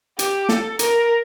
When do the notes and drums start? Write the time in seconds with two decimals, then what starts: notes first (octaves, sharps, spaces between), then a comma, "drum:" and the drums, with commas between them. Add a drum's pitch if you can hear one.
0.19 G4, drum: hi-hat
0.49 A4, drum: snare
0.79 A#4, drum: hi-hat